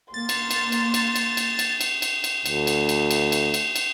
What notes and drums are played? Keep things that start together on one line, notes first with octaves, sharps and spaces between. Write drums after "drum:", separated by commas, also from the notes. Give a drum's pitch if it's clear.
A#3 C6 A6
drum: cymbal
drum: cymbal
drum: cymbal
drum: cymbal
drum: cymbal
drum: cymbal
drum: cymbal
drum: cymbal
drum: cymbal
drum: cymbal
D2, drum: cymbal
drum: cymbal
drum: cymbal
drum: cymbal
drum: cymbal
drum: cymbal
drum: cymbal